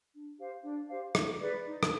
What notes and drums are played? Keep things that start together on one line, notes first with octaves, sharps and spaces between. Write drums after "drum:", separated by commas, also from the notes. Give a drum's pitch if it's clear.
D4
G4 C5 F5
D4
G4 C5 F5
D#4, drum: rim click
G#4 B4 D5
D#4
drum: rim click